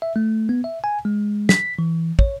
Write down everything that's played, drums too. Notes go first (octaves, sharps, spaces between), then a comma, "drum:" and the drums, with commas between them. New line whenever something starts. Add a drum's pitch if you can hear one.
E5
A3
B3
E5
G#5
G#3
B6, drum: snare
E3
C#5, drum: kick